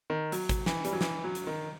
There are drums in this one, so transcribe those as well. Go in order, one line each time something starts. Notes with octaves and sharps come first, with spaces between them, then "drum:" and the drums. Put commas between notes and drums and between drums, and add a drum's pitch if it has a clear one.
D#3
F#3, drum: hi-hat
drum: kick, hi-hat
E3, drum: snare
G3, drum: hi-hat
F#3
E3, drum: snare
F#3
drum: hi-hat
D#3